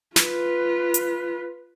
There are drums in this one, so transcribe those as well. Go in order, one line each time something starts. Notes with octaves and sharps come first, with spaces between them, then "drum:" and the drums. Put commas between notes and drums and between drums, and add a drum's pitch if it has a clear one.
F4 B4, drum: snare
drum: hi-hat